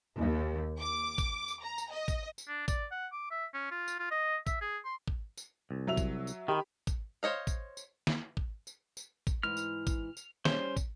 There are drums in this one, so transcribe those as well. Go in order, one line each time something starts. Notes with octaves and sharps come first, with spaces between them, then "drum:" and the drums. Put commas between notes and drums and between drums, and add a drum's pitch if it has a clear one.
D#2
D6
drum: kick, tambourine
drum: tambourine
A#5
drum: tambourine
D#5
drum: kick, tambourine
drum: tambourine
D4
D5, drum: kick, tambourine
F#5
D6
E5
C#4
F4
drum: tambourine
F4
D#5
E5, drum: kick, tambourine
G#4
C6
drum: kick
drum: tambourine
C2
F#3 E5 F7
drum: kick, tambourine
drum: tambourine
D#3 G4 B5
drum: kick, tambourine
C5 C#5 D#5 F5
drum: kick, tambourine
drum: tambourine
drum: snare
drum: kick
drum: tambourine
drum: tambourine
drum: kick, tambourine
G#2 E3 F6
drum: tambourine
drum: kick, tambourine
drum: tambourine
G3 C#4 C5, drum: snare
drum: kick, tambourine